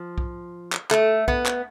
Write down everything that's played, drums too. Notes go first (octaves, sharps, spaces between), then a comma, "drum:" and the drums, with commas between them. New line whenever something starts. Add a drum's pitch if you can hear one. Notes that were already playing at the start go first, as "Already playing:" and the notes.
Already playing: F3
drum: kick B1
drum: clap
A3, drum: clap
B3, drum: kick B1
drum: clap